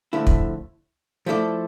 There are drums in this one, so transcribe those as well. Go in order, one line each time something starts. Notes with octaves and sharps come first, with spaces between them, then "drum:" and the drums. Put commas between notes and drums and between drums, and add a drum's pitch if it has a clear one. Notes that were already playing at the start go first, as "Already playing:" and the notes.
D3 F3 A3 E4
drum: kick
F3 A3 E4 A4 D5